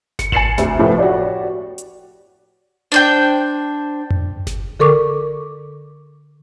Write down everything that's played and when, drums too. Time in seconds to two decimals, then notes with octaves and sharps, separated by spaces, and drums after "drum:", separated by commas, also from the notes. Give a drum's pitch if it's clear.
0.19 C#7, drum: snare G1
0.32 G#5 A6 C7 C#7 E7 F#7, drum: kick G#1
0.58 D2 C3, drum: snare G1
0.79 A2 F3 A3 B3
0.98 F#4 G4 C#5 D5
1.78 drum: hi-hat
2.92 D4 C5 G5
4.10 drum: tom F2
4.47 drum: snare G1
4.80 D3 A4 A#4 C#6 D6